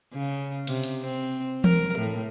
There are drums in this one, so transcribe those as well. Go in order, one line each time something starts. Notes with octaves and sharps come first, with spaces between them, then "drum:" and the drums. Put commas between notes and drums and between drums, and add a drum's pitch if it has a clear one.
C#3
C3, drum: cymbal
drum: open hi-hat
C4
A#4, drum: tom E3
A2